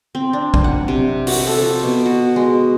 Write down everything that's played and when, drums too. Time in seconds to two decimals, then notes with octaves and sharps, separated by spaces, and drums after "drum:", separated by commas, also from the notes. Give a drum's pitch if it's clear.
0.15 C4
0.33 D4
0.54 drum: kick A#1
0.64 F#5
0.88 C3
1.27 F#4, drum: open hi-hat
1.47 A4
1.61 F3
1.83 B2
2.06 F#4
2.36 G#3